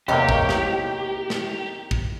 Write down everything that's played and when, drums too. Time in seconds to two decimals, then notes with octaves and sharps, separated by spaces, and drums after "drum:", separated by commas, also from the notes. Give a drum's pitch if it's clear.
0.08 E2 C3 A#3 D#4 G4 C#5
0.29 drum: kick
0.49 drum: snare
1.30 drum: snare
1.91 drum: kick